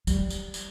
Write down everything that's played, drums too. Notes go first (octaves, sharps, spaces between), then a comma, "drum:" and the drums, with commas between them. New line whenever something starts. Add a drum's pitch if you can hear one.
G3, drum: tambourine
drum: tambourine
drum: tambourine